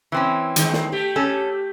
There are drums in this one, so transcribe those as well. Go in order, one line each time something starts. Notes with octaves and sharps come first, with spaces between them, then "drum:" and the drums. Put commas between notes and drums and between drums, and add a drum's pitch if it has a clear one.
E3 C4 C#4
D#3 G#3 D#4, drum: hi-hat
drum: snare
A3 G4
C#4 A4